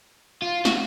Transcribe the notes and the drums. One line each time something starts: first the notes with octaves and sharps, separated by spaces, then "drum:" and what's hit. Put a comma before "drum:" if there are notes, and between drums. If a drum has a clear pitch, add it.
F4
F#4, drum: snare